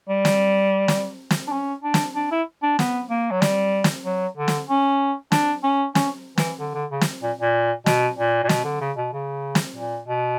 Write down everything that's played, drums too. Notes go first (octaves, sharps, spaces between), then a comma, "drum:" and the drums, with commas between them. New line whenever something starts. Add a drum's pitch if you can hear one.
G3
drum: snare
drum: snare
drum: snare
D4
C#4
D4
drum: snare
D4
E4
D4
B3, drum: snare
A#3
F#3
G3, drum: snare
drum: snare
F#3
D3
drum: snare
C#4
D4, drum: snare
C#4
C#4, drum: snare
E3, drum: snare
D3
D3
C#3
drum: snare
A#2
A#2
B2, drum: snare
A#2
A#2
B2, drum: snare
D3
C#3
B2
C#3
drum: snare
A#2
B2